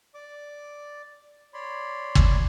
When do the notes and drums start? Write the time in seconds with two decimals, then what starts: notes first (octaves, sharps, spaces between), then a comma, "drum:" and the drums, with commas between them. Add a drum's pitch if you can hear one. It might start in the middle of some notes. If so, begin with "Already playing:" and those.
0.15 D5 D6
1.54 C#5 D5 B5 C6
2.15 drum: kick